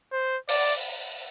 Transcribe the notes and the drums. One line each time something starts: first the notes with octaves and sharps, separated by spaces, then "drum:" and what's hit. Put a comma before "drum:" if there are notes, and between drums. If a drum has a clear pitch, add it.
C5
D5, drum: open hi-hat